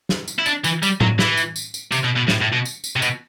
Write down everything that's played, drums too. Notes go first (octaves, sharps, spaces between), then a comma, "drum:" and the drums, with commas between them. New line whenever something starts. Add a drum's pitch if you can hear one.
drum: snare
drum: tambourine
E4
D4, drum: tambourine
E3, drum: tambourine
G3, drum: tambourine
F#3, drum: tom A2
E3, drum: snare
drum: tambourine
drum: tambourine
drum: tambourine
C3, drum: tambourine
B2
B2
A2, drum: snare
A2
B2
drum: tambourine
drum: tambourine
C3
B2, drum: tambourine